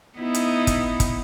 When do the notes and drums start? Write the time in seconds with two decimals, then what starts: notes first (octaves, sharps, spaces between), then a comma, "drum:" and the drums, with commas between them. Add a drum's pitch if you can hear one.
0.18 B3 D#4 E4
0.34 drum: hi-hat
0.67 drum: kick, hi-hat
1.00 drum: kick, hi-hat